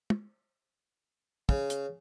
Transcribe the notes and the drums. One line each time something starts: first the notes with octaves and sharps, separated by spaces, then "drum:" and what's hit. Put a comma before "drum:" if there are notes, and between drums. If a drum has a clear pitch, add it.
drum: tom
C#3, drum: kick
drum: hi-hat